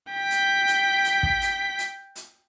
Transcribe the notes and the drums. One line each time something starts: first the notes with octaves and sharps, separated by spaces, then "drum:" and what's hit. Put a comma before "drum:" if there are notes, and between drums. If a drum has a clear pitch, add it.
G5 B6
drum: hi-hat
drum: hi-hat
drum: hi-hat
drum: kick
drum: hi-hat
drum: hi-hat
drum: hi-hat